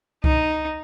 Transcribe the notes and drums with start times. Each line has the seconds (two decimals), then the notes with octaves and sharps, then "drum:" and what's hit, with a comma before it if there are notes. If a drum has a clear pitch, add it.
0.24 D#4, drum: kick C2